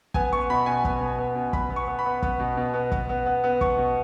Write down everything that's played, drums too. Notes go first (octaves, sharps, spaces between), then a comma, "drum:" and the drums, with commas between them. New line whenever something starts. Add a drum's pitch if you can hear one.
B3 G#5, drum: kick
B3 C#6
B2 B5
B2 G#5
B3, drum: kick
B2
B3
B2
B3 B5, drum: kick
B3
C#6
B3
B5
B3
B3, drum: kick
B2
B2
B3
B3, drum: kick
B3
B3
B3
B2 C#6, drum: kick
B2